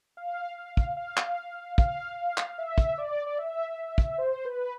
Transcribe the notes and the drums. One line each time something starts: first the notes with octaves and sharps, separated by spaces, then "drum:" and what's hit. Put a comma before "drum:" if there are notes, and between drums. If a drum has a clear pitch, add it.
F5
drum: kick
F5
drum: clap
F5, drum: kick
drum: clap
E5
drum: kick
D5
D5
E5
drum: kick
C5
B4